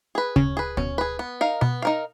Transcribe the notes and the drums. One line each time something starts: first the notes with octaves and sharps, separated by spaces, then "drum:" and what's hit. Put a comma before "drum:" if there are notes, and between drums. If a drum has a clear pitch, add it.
G#4 B4
C#3 C#4, drum: kick D2
G#4 B4
B2 C#4, drum: kick D2
G#4 B4
B3
D#4 A#4 F5
B2 B3
D#4 A#4 F5